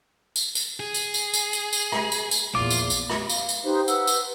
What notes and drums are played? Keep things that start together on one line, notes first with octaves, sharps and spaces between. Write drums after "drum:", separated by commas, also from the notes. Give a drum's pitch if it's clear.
drum: tambourine
drum: tambourine
G#4
drum: tambourine
drum: tambourine
drum: tambourine
drum: tambourine
drum: tambourine
drum: rim click
drum: tambourine
drum: tambourine
A#1 E2 F4 D6
drum: tambourine
drum: tambourine
drum: rim click
F5, drum: tambourine
drum: tambourine
D#4 G4 B4 C5
B4 F#5 E6, drum: tambourine
drum: tambourine